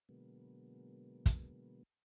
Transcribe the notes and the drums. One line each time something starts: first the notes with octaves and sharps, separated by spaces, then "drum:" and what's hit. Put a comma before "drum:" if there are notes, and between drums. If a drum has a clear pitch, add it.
B2 D3 F#3 G#3 A#3 B3
drum: kick, hi-hat